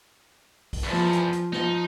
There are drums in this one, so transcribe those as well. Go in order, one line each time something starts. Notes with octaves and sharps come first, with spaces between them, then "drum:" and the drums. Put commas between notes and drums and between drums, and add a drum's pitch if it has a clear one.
drum: kick, open hi-hat
E2 F3
drum: snare
drum: hi-hat
drum: hi-hat
F3 D#4, drum: snare